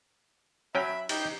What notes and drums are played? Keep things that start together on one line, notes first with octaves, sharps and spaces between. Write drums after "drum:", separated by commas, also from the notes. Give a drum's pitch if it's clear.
F#3 C#4 E5 G5 B5
D#4 G4 G6, drum: cymbal